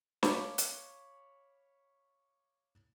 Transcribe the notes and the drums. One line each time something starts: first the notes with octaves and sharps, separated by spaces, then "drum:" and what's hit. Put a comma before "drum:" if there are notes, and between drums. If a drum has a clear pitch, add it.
C#5 F5 A5 B5 D6, drum: snare
drum: hi-hat